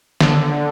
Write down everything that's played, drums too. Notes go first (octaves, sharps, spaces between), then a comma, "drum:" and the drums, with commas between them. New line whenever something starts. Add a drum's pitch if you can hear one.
D3, drum: snare